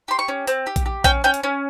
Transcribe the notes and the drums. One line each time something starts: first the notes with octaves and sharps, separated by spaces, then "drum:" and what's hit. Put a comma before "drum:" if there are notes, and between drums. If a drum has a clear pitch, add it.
G4 C6
C#6
C#4
C4, drum: hi-hat
G4
drum: kick A#1, hi-hat
G4
C#4 G5, drum: kick A#1, hi-hat
C#4 G5
drum: hi-hat
C#4